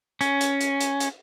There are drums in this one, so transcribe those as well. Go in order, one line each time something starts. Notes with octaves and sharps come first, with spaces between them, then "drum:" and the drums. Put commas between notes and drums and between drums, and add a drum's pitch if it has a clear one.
C#4, drum: hi-hat
drum: hi-hat
drum: hi-hat
drum: hi-hat
drum: hi-hat